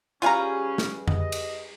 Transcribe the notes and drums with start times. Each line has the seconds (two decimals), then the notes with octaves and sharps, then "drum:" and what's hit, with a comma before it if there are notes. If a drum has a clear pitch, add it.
0.22 G3 C#4 F4 G#4 B4 F5 A#5
0.78 drum: snare
1.08 D#5, drum: tom F2
1.32 drum: cymbal